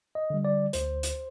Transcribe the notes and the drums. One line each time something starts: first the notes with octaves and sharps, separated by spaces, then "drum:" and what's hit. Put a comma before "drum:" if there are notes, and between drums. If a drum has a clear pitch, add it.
D#5
D3 G3
D5
D2 C5, drum: hi-hat
drum: hi-hat